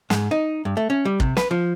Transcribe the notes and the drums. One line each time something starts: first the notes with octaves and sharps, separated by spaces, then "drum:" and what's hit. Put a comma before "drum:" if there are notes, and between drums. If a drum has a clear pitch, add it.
G#2, drum: snare
D#4
G2
A3
C#4
G3
C3, drum: kick
B4, drum: snare
F3